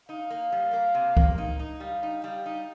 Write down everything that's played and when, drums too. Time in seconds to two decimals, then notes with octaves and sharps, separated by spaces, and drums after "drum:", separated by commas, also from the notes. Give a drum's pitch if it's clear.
0.09 D#4 F5
0.30 A#3
0.52 G3
0.73 A#3
0.95 C3
1.17 A#3, drum: kick C#2
1.38 D#4
1.59 D#4
1.80 G3 F5
2.03 D#4
2.23 G3 F5
2.46 D#4